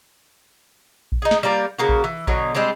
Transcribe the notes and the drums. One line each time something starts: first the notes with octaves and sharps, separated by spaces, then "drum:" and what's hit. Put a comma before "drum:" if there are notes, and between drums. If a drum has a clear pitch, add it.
drum: kick A#1
D#4 G#4
drum: snare
G3 A#3 A#4 D5
C#3 A#3 F#4
drum: kick A#1
E3
B2 D3 F#3, drum: kick A#1
G3 G#3 C4 D4